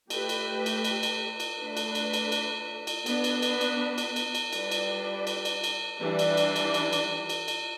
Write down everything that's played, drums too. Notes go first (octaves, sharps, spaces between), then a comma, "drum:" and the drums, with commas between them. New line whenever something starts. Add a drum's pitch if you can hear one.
A3 G4 B4, drum: cymbal
drum: cymbal
drum: cymbal
drum: cymbal
drum: cymbal
drum: cymbal
A3 D4 B4
drum: cymbal
drum: cymbal
drum: cymbal
drum: cymbal
drum: cymbal
B3 D4 B4, drum: cymbal
drum: cymbal
drum: cymbal
drum: cymbal
drum: cymbal
drum: cymbal
drum: cymbal
G3 D4 B4 D5, drum: cymbal
drum: cymbal
drum: cymbal
drum: cymbal
drum: cymbal
E3 G3 D4 B4 D5
drum: cymbal
drum: cymbal
drum: cymbal
drum: cymbal
drum: cymbal
drum: cymbal
drum: cymbal